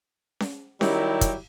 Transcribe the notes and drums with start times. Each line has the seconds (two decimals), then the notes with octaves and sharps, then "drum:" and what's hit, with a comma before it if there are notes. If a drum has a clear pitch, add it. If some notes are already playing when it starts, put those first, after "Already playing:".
0.40 drum: snare C#4
0.81 D#3 F#3 G3 E4 G4, drum: snare C#4
1.21 drum: kick, hi-hat